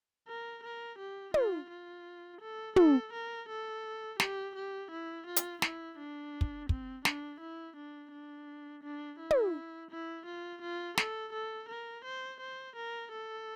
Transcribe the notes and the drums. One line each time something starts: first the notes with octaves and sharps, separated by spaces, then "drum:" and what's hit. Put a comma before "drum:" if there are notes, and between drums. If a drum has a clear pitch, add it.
A#4
A#4
G4
F4, drum: tom
F4
A4
A4, drum: tom
A#4
A4
G4, drum: snare
G4
E4
F4
drum: hi-hat
E4, drum: snare
D4
drum: kick
C4, drum: kick
D4, drum: snare
E4
D4
D4
D4
E4
drum: tom
E4
F4
F4
A4, drum: snare
A4
A#4
C5
C5
A#4
A4